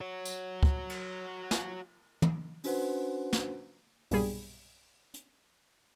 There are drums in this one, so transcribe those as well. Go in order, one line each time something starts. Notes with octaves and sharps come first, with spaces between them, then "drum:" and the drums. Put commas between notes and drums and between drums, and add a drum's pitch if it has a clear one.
F#4 C#5
drum: tambourine
drum: kick
drum: cymbal
drum: snare
drum: tom
C#4 D4 F#4 B4 C5 F#5, drum: open hi-hat
drum: snare
B1 G2 A#2 G3 G#4 B5, drum: open hi-hat
drum: hi-hat